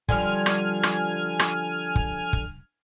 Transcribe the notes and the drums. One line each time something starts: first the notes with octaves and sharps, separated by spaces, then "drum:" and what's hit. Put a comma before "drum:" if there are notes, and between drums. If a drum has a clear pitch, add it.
D3 F3 G3 G#5 F6, drum: kick
drum: rim click
drum: rim click
drum: rim click
drum: kick
drum: kick